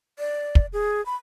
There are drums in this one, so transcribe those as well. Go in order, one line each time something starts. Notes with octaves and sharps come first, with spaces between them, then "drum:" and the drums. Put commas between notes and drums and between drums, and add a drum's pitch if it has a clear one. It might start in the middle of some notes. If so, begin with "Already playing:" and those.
D5
drum: kick
G#4
B5